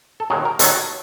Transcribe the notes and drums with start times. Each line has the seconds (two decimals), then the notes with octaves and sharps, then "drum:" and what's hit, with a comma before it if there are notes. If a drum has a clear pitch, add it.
0.20 A4
0.30 D#2 D#3 F#3 G#4
0.45 A#4
0.59 D#2 D#3 F#3 A4, drum: hi-hat